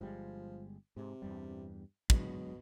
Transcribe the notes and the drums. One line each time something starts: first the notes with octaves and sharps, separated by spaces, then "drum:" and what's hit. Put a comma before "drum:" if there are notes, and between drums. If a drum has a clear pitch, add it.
G1 F3 G3 G#3
G#2 C3
E2 G2 G3
B2 F#3 G#3 D4, drum: kick